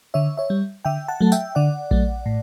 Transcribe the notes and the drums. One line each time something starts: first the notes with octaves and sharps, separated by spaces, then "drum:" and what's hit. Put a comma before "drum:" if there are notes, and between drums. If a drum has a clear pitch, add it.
D3 C#5 E5
C#5 E5
G3
D3 E5 G5
F#5 A5
F#3 A3
E5 G5, drum: tambourine
D3 D5 F#5
F#3 A3, drum: kick A#1
A2